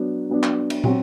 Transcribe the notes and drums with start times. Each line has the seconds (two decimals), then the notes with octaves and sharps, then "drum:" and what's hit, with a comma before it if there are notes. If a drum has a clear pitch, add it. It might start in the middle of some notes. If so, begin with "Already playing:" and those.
Already playing: F#3 B3 D4
0.29 F#3 B3 D4
0.43 drum: clap
0.70 drum: cymbal
0.84 F#3 C4 F#4, drum: tom